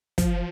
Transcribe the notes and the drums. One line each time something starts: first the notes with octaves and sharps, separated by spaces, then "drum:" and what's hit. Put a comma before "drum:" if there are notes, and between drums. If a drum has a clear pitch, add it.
F3, drum: kick, hi-hat